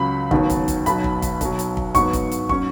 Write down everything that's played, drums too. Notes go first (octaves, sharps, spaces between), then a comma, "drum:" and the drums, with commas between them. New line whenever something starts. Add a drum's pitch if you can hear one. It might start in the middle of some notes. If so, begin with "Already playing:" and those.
Already playing: C#2 C#3 F#3 C#4 B5
D#2 D#3 F#3 B3, drum: kick
drum: kick, hi-hat
drum: kick, hi-hat
B1 B2 F#3 B5, drum: hi-hat
drum: kick
drum: kick, hi-hat
B1 B2 F#3, drum: kick, hi-hat
drum: hi-hat
drum: kick
G#2 F#3 B3 C#6, drum: kick, hi-hat
drum: kick, hi-hat
drum: hi-hat
F#3 C#4 C#6, drum: kick